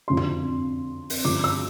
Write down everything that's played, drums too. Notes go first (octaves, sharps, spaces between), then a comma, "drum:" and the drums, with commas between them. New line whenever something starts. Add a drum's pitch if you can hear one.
F2 D3 F3 C6
drum: tom
drum: open hi-hat
G2 D3 F3 D6
E6